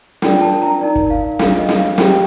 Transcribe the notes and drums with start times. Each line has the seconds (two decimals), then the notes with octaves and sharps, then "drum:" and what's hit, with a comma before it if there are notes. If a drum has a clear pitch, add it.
0.22 D4 F4 A#4 D5 G5, drum: snare
0.41 A5
0.62 A#5
0.81 D#4 A#4 D5
0.96 drum: kick
1.10 F5
1.39 D4 F4 A#4 F5, drum: snare
1.58 D#5
1.69 drum: snare
1.78 F5
1.98 G4 C5 G5, drum: snare